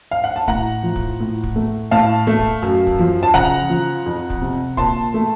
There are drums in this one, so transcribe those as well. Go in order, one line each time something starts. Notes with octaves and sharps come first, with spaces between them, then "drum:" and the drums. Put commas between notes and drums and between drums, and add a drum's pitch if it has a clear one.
F5
F#5
A5
A2 F#5 A#5, drum: kick
F3
drum: kick
A2
drum: kick
A3
A2 F5 A5
A3
drum: kick
F#2
drum: kick
F3
A5
C#3 F#5 A#5, drum: kick
F3
F2
drum: kick
C3
A#2 A5 C6, drum: kick
A3